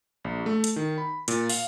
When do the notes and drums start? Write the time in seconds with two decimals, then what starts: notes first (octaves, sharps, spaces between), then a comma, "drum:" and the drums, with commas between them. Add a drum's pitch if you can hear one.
0.24 A#1
0.46 A3
0.64 drum: hi-hat
0.76 D#3
0.98 B5
1.28 A#2, drum: hi-hat
1.49 F5, drum: open hi-hat